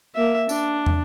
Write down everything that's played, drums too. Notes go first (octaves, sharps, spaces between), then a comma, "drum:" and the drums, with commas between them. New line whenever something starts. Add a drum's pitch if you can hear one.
A#3 E5
D4, drum: tambourine
drum: tom